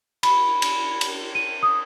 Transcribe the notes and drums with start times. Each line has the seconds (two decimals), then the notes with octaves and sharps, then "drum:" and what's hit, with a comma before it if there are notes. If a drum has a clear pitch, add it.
0.23 B5, drum: cymbal
0.62 drum: cymbal
1.01 drum: cymbal
1.35 D#7
1.63 D#6